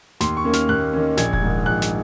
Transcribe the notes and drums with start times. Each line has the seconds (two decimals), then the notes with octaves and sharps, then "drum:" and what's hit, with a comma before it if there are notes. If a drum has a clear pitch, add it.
0.21 D#2 C6, drum: snare
0.37 C#6
0.44 D#3 A#3 C#4
0.53 F6, drum: snare
0.69 D#2 F#6
0.93 D#3 A#3 C#4
1.17 A#1 G#6, drum: snare
1.33 G#6, drum: kick E1
1.42 G#2 D#3
1.65 A#1 F#6
1.82 drum: snare